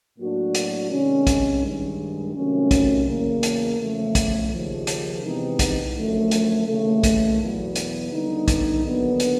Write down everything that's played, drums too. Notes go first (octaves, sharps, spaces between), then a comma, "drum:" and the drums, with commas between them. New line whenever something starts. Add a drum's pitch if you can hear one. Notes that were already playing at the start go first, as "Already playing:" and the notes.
A2 F#3 A#3 D4 F#4
drum: hi-hat
C3 D#3 G#3 C#4
drum: kick, hi-hat
G2 D#3 G#3
C3 D#3 F#3 A3 C#4
drum: kick, hi-hat
E2 C#3 F#3 A#3
drum: hi-hat
E2 C#3 F3 A3
drum: kick, hi-hat
D#2 C#3 F3
drum: hi-hat
C3 E3 G#3 B3 D#4
drum: kick, hi-hat
F#2 D3 F3 A3
drum: hi-hat
D#2 C#3 E3 A3
drum: kick, hi-hat
E2 B2 F#3 B3
drum: hi-hat
D#2 D3 G3 B3 D#4
drum: kick, hi-hat
D#2 D3 F#3 B3
drum: hi-hat